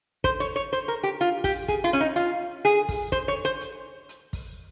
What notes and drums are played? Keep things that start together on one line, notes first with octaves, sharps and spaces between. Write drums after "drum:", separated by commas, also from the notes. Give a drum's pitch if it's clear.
C5, drum: kick, hi-hat
C#5
C#5
C5, drum: hi-hat
A#4
G4
F4
G4, drum: kick, open hi-hat
G#4, drum: kick, hi-hat
F4
C#4, drum: hi-hat
D#4
F4, drum: hi-hat
G#4, drum: hi-hat
drum: kick, open hi-hat
C5, drum: kick, hi-hat
C#5
C5
drum: hi-hat
drum: hi-hat
drum: kick, open hi-hat